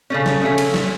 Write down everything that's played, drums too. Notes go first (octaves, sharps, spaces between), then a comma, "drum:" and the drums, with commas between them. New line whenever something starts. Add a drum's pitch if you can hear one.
C#3 A3 C#4
drum: snare
C#3 A3 C#4
drum: cymbal
drum: snare